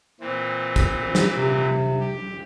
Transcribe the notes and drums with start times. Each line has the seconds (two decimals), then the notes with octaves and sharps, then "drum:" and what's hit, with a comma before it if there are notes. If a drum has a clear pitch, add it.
0.21 A#2 E3 C4
0.76 drum: kick, tambourine
1.15 drum: snare
1.34 C3
2.00 G4